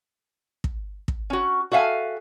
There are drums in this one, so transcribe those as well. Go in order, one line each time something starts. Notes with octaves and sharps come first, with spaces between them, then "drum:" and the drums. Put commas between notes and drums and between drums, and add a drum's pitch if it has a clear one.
drum: kick
drum: kick
C#4 F#4
F#4 A4 E5 F5 G#5